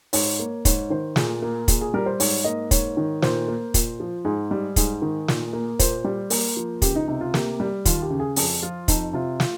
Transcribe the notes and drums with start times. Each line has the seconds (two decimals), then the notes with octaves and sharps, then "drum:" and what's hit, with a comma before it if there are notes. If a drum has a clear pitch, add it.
0.13 G#2 C#5, drum: open hi-hat
0.39 A#3
0.65 G#2 C#5, drum: kick, hi-hat
0.90 D#3 C5
1.16 A#2 G#4, drum: snare
1.42 A#3
1.68 A#2 G#4, drum: kick, hi-hat
1.81 G#4
1.94 G3 A#4
2.06 C5
2.20 G#2 C#5, drum: open hi-hat
2.44 A#3 D#5
2.71 G#2 C#5, drum: kick, hi-hat
2.97 D#3
3.22 A#2 C5, drum: snare
3.48 A#3
3.74 A#2, drum: kick, hi-hat
4.00 F3
4.25 G#2 G#4
4.51 G3
4.76 G#2 G#4, drum: kick, hi-hat
5.02 D#3
5.28 A#2, drum: snare
5.53 A#3
5.79 A#2 C5, drum: kick, hi-hat
6.05 G3
6.30 A#3, drum: open hi-hat
6.57 F3
6.82 C#2 G4, drum: kick, hi-hat
6.96 D#4
7.08 C3 D#4
7.21 F4
7.34 A#3 G4, drum: snare
7.60 G3
7.85 D#2 F4, drum: kick, hi-hat
8.02 G4
8.10 C#3
8.20 G#4
8.36 F2 G#4, drum: open hi-hat
8.62 F3 F4
8.88 F2 D#4, drum: kick, hi-hat
9.13 C3 F4
9.40 F4, drum: snare